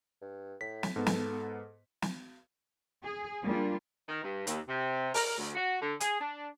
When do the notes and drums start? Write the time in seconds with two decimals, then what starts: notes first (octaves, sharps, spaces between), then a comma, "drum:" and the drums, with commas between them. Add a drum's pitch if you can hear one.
0.21 G2
0.61 A2 B6
0.83 drum: snare
0.96 G#2 B3 A4
1.06 drum: snare
2.02 drum: snare
3.02 G#4
3.43 G3 A#3 D4 F4
4.09 D#3
4.23 G2
4.47 D#2, drum: hi-hat
4.68 C3
5.14 A#4, drum: open hi-hat
5.38 D2
5.55 F#4
5.81 D3
6.00 G#4, drum: hi-hat
6.20 D4